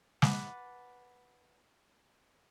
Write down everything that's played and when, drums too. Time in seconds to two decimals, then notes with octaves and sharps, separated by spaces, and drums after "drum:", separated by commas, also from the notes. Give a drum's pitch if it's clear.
0.22 B4 F#5 A5 D6, drum: snare